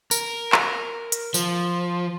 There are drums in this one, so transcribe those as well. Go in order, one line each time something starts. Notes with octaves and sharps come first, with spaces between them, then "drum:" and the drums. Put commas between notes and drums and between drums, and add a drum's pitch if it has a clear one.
A#4, drum: tambourine
drum: clap
drum: hi-hat
F3, drum: tambourine